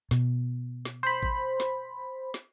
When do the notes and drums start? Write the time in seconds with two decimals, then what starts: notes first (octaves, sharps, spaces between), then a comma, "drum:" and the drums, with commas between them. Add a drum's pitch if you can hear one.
0.11 B2, drum: snare
0.85 drum: snare
1.03 C5 B5
1.23 drum: kick G#1
1.60 drum: snare
2.34 drum: snare